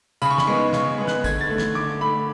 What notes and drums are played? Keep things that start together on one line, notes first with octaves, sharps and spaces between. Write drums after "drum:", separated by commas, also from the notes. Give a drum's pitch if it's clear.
C#3 B5, drum: tambourine
C#6
B5, drum: snare
G#3 B3 C#6
C#3 C#6, drum: snare
G#3 B3
F#6, drum: snare
D3 G#6, drum: kick, tambourine
A6
A3
G#6, drum: snare
D3 D6
A3 B5